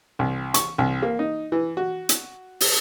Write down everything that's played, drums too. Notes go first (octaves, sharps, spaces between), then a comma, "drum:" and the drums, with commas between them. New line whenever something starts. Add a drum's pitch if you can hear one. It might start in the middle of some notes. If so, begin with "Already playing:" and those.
C2
C#6, drum: hi-hat
C2
A#3
D#4
E3
F#4
drum: hi-hat
drum: open hi-hat